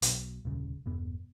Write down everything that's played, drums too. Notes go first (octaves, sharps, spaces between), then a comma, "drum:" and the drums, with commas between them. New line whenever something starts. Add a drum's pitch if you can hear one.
B1 B2, drum: hi-hat
D#1 C2 C#3
E1 G2 B3